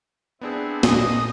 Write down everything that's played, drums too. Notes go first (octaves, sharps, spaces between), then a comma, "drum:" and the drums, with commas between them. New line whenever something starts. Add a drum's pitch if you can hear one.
B3 C4 D4 E4 G#4
A#2 D#4 D#6, drum: snare